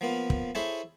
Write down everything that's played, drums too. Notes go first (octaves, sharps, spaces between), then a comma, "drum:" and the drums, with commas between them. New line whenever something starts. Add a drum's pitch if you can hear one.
F3 A#3 B3 F4
drum: kick
E4 G#4 A4 C5 C#5 E5